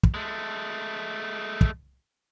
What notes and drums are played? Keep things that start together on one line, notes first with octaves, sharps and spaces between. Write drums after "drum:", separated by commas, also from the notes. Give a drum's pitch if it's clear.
drum: kick
G#3 A3
drum: kick